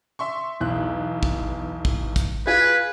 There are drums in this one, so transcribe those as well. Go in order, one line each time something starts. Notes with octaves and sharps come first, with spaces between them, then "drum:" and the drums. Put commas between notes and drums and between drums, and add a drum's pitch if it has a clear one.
E5 C6 C#6
B1 E2 F#6
drum: kick
drum: kick
drum: kick, hi-hat
F4 G#4 B4 G#6